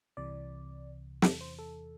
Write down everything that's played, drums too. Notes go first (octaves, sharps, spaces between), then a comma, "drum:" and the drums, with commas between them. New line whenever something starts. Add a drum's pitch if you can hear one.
C2 C3 E3 D5
E2 C3 E3 A4, drum: snare
C5
A4